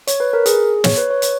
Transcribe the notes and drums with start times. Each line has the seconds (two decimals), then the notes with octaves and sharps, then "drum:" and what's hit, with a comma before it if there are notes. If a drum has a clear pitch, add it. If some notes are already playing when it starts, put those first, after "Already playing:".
0.07 C#5, drum: hi-hat
0.20 B4
0.33 A#4
0.46 G#4, drum: hi-hat
0.84 C#5, drum: snare
0.97 B4
1.10 C#5
1.22 drum: hi-hat